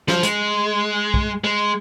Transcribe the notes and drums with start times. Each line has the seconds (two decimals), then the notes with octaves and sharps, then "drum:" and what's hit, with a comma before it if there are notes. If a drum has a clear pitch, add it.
0.08 F3, drum: snare
0.23 G#3, drum: hi-hat
1.14 drum: kick B1
1.44 G#3